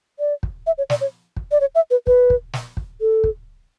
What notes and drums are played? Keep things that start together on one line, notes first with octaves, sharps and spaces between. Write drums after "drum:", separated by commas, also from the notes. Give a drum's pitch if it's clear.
D5
drum: kick
E5
C#5
D5, drum: snare
C#5
drum: kick
D5
C#5
E5
B4
B4, drum: kick
drum: kick
drum: snare
drum: kick
A4
drum: kick